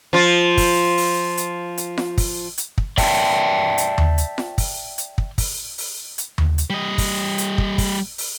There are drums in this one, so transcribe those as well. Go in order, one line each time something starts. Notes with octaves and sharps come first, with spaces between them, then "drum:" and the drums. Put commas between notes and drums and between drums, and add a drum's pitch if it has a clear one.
F3 F4
drum: kick, open hi-hat
drum: open hi-hat
drum: hi-hat
drum: hi-hat
drum: snare F4
drum: kick, open hi-hat
drum: hi-hat
drum: kick
D5 E5 G5 A5, drum: kick, open hi-hat
drum: hi-hat
drum: tom D#2
drum: hi-hat
drum: snare F4
drum: kick, open hi-hat
drum: hi-hat
drum: kick
drum: kick, open hi-hat
drum: open hi-hat
drum: hi-hat
drum: tom D#2
drum: hi-hat
G3 D#5
drum: kick, open hi-hat
drum: hi-hat
drum: kick
drum: kick, open hi-hat
drum: open hi-hat